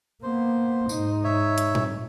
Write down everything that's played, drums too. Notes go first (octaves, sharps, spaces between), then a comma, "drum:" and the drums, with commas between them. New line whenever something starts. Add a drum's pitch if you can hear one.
A#3 B3 C5
G#2 D#4, drum: tambourine
C#5 E5
drum: hi-hat
drum: tom A#2